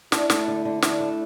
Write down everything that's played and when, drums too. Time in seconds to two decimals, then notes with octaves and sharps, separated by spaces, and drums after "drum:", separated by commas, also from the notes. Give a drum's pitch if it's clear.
0.12 D4 E4, drum: snare
0.30 A3, drum: snare
0.48 D3
0.65 D3
0.82 D4 E4, drum: snare
1.00 A3